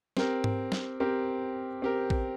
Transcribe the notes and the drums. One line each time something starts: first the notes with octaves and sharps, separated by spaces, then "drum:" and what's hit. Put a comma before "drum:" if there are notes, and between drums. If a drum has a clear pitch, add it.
C4 G4 A#4, drum: snare
drum: tom G#2
drum: snare
C4 G4 A#4
C4 G4 A#4
drum: kick A#1